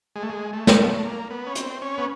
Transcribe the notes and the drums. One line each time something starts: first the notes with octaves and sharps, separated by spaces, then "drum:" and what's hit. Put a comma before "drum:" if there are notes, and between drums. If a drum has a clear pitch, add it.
G#3
A3
G#3
A3
drum: snare
A3
A#3
B3
C#4
C4, drum: hi-hat
C#4
B3